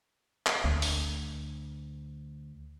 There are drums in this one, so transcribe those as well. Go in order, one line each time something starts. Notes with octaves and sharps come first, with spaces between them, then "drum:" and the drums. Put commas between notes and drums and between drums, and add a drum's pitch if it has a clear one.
drum: clap
D2 A3
drum: open hi-hat